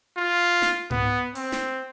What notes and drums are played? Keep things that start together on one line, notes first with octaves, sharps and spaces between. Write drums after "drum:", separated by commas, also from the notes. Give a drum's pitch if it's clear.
F4
drum: snare
B3, drum: tom G#2
C4, drum: open hi-hat
drum: snare